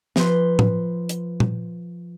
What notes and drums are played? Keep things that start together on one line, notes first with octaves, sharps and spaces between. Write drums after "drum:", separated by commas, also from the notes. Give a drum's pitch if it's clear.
F3 B4 C6, drum: snare
drum: tom A2
drum: hi-hat
drum: tom A#2